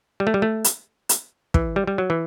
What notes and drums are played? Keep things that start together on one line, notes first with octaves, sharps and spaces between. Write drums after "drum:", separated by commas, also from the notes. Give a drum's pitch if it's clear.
G3
A3
G3
A3
drum: hi-hat
drum: hi-hat
E3, drum: kick
G3
G3
F#3
E3